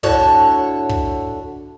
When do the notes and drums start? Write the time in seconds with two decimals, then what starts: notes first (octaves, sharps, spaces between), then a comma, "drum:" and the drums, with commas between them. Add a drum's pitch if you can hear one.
0.03 A2 D3 F#4 C#5 A5, drum: kick
0.89 drum: kick